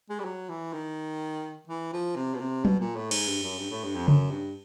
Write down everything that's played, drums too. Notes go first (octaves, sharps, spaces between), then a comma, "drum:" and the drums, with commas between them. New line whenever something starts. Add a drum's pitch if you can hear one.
G#3
G3
F#3
E3
D#3
E3
F3
C3
B2
C3
B2, drum: tom F#3
A#2
A2
G#2, drum: cymbal
G2
F#2
G2
A2
G2
F2
F#2, drum: tom C#3
G2